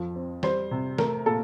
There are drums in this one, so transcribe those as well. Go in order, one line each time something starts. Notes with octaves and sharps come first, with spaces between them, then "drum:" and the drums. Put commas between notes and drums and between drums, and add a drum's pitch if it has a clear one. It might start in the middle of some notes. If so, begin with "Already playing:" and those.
Already playing: F2 F3
C4
G3 C5, drum: snare
C3
A3 A#4, drum: snare
A#2 A4